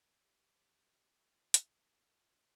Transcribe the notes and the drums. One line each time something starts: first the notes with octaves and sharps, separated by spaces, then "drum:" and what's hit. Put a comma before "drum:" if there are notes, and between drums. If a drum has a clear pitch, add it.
G4
G4
F#4
F4
E4, drum: hi-hat
D#4
E4
F4